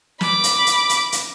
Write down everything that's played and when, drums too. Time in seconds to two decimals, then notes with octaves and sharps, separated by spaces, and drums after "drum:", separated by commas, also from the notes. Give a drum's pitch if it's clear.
0.21 B5 D6, drum: snare
0.44 drum: hi-hat
0.66 drum: hi-hat
0.89 drum: hi-hat
1.12 drum: hi-hat